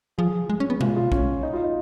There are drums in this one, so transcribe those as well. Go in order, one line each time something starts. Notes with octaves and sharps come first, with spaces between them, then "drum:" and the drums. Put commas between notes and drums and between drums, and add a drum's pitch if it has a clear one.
F3 G#4
G#3
C#4
B3
G#3 F4, drum: tom B2
F4
C#4, drum: kick A#1
D#4
F4
D#4